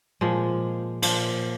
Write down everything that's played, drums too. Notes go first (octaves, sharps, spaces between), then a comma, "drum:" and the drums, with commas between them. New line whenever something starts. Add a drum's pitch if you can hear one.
A#2 F3 G#3
A#2 F3, drum: cymbal